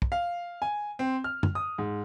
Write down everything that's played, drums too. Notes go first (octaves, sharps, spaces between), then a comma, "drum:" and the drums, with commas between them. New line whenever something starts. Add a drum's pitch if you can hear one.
drum: kick
F5
G#5
C4
F6
drum: tom F#2
D#6
G#2